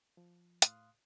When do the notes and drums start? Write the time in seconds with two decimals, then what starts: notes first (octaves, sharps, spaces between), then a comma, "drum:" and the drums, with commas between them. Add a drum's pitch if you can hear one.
0.17 F3
0.62 A2 F5 C6 D#6 F#6, drum: hi-hat